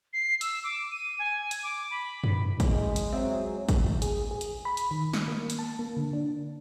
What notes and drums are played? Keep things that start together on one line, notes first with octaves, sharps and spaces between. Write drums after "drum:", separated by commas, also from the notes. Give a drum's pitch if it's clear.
C7
E6, drum: hi-hat
D6
D#7
G#5
drum: hi-hat
D6
B5
drum: tom F#2
G#3, drum: kick, hi-hat
drum: hi-hat
F#3 C4 G#4 E5
drum: kick, hi-hat
G#4, drum: hi-hat
G#4
drum: hi-hat
B5
drum: hi-hat
D#3
drum: snare
A#3
drum: hi-hat
A5
A#3
D3
D4